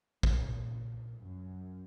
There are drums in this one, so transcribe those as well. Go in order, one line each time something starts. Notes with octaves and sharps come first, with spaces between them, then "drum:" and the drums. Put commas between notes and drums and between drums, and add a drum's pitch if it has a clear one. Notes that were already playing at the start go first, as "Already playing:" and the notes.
A#2, drum: kick
F#2